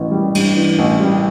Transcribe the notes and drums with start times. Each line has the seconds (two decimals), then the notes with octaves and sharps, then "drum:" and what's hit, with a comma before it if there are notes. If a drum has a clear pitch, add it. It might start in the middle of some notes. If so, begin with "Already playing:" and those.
Already playing: A1 E3
0.12 G3
0.35 G2, drum: cymbal
0.57 E3
0.79 A1
1.00 G3